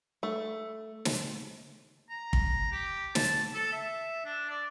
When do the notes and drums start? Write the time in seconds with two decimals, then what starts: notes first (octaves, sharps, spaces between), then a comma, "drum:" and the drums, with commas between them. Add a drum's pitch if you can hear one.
0.23 A3
1.05 drum: snare
2.10 A#5
2.33 drum: kick
2.72 G4
3.15 A5, drum: snare
3.54 A4
3.72 E5
4.25 D4
4.49 D5